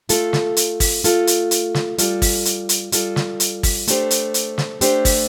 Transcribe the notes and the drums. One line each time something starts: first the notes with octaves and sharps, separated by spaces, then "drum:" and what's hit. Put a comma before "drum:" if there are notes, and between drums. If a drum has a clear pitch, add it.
A3 F4 A4, drum: hi-hat
drum: snare
drum: hi-hat
drum: kick, open hi-hat
A3 F4 A4, drum: hi-hat
drum: hi-hat
drum: hi-hat
drum: snare
G3 F4 A4, drum: hi-hat
drum: kick, open hi-hat
drum: hi-hat
drum: hi-hat
G3 F4 A4, drum: hi-hat
drum: snare
drum: hi-hat
drum: kick, open hi-hat
A3 D4 G4 C5, drum: hi-hat
drum: hi-hat
drum: hi-hat
drum: snare
A3 D4 G4 C5, drum: hi-hat
drum: kick, open hi-hat